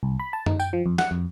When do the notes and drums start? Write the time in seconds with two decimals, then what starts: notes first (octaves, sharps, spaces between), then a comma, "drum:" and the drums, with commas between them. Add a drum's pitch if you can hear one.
0.03 C2
0.20 B5
0.33 A5
0.46 D#4, drum: tom F#2
0.60 G5, drum: tambourine
0.73 F3
0.86 F2
0.98 F#5, drum: snare
1.11 F2